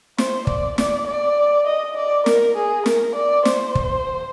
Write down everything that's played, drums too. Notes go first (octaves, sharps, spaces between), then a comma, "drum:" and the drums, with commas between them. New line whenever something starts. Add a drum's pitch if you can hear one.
C5, drum: snare
D5, drum: kick
D5, drum: snare
D5
D#5
D5
A#4, drum: snare
G#4
A#4, drum: snare
D5
C5, drum: snare
drum: kick